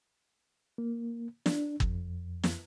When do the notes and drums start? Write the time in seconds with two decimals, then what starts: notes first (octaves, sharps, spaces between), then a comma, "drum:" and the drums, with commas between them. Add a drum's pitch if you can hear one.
0.78 A#3
1.46 D4, drum: snare
1.80 F2, drum: kick G1
2.44 drum: snare